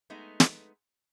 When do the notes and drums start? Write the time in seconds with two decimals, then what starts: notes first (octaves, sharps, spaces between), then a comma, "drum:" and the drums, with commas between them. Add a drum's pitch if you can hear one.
0.10 G#3 A3 B3 D#4
0.40 drum: snare